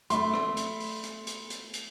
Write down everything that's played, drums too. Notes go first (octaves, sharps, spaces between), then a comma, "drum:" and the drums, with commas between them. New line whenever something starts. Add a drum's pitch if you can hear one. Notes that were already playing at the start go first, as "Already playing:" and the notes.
A3 E5 B5 C6, drum: hi-hat
drum: rim click
drum: hi-hat
drum: open hi-hat
drum: hi-hat
drum: hi-hat
drum: hi-hat
drum: hi-hat